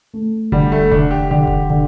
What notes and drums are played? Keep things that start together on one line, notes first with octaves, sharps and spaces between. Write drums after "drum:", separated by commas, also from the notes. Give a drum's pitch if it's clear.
A3
D3 G3, drum: kick F1
A3
D3 D4, drum: kick F1
G4
D3 G4
drum: kick F1
D3